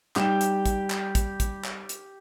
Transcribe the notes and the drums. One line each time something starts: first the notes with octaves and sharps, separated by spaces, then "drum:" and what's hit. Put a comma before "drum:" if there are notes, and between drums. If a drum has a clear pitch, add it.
G3 D#4 G4 E7, drum: clap
drum: hi-hat
drum: kick, hi-hat
drum: clap
drum: kick, hi-hat
drum: kick, hi-hat
drum: clap
drum: hi-hat